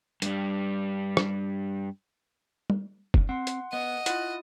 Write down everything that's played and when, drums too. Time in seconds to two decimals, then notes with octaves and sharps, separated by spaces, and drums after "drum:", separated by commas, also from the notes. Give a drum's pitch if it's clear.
0.22 G2 G3, drum: hi-hat
1.17 drum: rim click
2.70 drum: tom
3.14 drum: kick
3.29 C4 F#5 C6
3.47 drum: hi-hat
3.73 B3 D#5 F#5
4.06 E4 F4 F#5, drum: hi-hat